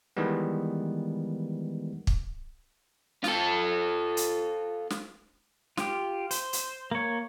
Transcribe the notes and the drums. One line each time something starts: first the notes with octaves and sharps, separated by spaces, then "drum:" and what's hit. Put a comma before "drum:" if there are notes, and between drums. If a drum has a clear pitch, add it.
D#3 E3 G3 G#3 B3
drum: kick
F4 A4, drum: snare
drum: hi-hat
drum: snare
F4 G4, drum: snare
C5, drum: hi-hat
drum: hi-hat
A#3 C#5